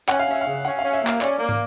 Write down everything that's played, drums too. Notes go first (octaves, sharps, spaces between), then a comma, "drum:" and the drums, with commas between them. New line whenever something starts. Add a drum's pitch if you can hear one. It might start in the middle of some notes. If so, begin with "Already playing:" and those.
C#4 F#5, drum: clap
F5
C#4 E5
F5
C#3
C#4 F#5, drum: tambourine
F5
C#4
E5, drum: tambourine
A#3
F5, drum: clap
C#4 D5, drum: clap
A#3
drum: tom